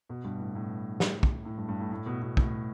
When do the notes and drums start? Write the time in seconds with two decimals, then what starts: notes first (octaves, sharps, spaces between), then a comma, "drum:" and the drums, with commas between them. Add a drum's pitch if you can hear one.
0.09 B2
0.24 G2
0.39 A2
0.55 A2
1.00 drum: snare
1.23 drum: kick
1.45 A2
1.57 G2
1.68 G2
1.80 A2
1.92 A2
2.06 B2
2.22 B2
2.37 A2, drum: kick